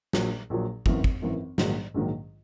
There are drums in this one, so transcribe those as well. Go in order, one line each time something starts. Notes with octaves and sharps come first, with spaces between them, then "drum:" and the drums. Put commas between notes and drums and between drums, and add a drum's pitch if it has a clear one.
A#1 A#2 F#3, drum: snare
A#1 A#2 F#3
G#1 F#2 E3, drum: kick
drum: kick
G#1 F#2 E3
A#1 G#2 D#3 F#3, drum: snare
A#1 G#2 D#3 F#3